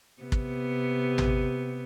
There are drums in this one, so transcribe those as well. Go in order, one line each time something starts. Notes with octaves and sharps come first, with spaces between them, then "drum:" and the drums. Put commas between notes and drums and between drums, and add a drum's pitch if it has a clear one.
C3 B3
drum: kick
drum: tom